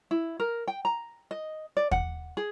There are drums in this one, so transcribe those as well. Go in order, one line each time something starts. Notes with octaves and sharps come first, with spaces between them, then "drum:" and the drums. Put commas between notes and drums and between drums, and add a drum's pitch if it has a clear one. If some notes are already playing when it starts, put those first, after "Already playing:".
E4
A#4
G5
A#5
D#5
D5
F#5, drum: kick
G#4